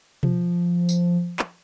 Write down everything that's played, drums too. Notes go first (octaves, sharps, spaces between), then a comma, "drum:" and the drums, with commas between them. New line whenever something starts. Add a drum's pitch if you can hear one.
F3, drum: tom B2
drum: tambourine
drum: clap